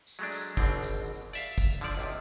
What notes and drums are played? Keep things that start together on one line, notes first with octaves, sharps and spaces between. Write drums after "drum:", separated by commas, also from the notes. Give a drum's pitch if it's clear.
drum: tambourine
F#3 G#3 A3 D4
drum: tambourine
G#1 B2 D3 C4, drum: kick, tambourine
drum: tambourine
D5 E5 F5, drum: tambourine
drum: kick, tambourine
D3 F3 D5, drum: tambourine
B1 C3